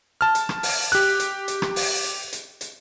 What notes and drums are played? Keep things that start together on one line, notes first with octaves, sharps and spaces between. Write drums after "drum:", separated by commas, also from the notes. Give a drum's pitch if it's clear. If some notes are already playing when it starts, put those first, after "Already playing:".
A5 F6
drum: hi-hat
drum: rim click
drum: open hi-hat
G4 F#6, drum: hi-hat
drum: hi-hat
drum: hi-hat
drum: rim click
drum: open hi-hat
drum: hi-hat
drum: hi-hat
drum: hi-hat